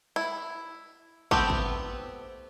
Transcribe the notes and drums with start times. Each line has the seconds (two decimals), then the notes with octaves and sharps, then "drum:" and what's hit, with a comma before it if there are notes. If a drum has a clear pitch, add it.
0.16 E4
1.31 A3 B3 C4 G4, drum: kick
1.50 drum: kick